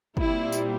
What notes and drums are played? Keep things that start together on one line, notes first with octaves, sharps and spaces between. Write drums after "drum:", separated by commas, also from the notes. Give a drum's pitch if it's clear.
A#2 G3 C4 E4, drum: kick
drum: tambourine